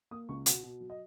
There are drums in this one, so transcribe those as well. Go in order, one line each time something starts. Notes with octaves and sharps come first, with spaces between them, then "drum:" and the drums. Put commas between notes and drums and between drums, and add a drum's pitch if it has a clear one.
A#3 D#6
C#2 C#6
B2 F#5, drum: hi-hat
B2
F#3
D#5